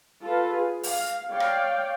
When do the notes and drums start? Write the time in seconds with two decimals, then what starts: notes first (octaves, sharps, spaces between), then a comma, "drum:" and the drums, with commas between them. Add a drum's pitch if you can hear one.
0.22 F4 A4 B4
0.53 G#4
0.83 F5, drum: open hi-hat
1.30 C#5 D5 F5 G5
1.40 drum: rim click